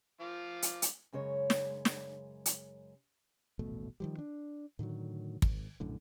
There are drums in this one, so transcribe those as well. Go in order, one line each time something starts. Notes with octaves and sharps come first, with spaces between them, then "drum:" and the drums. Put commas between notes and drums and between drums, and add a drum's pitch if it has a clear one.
F3 F4 D6
drum: hi-hat
drum: hi-hat
F#2 C#3 G#3 C#5
drum: snare
drum: snare
drum: hi-hat
D#1 A1 B2 A3
D#3 F3 G3
D4
A2 D3 D#3 F#3
G#1, drum: kick
A#1 F#2 A2 D3